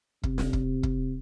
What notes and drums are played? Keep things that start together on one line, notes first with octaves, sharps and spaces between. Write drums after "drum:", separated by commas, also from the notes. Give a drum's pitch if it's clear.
C3, drum: kick
drum: snare
drum: kick
drum: kick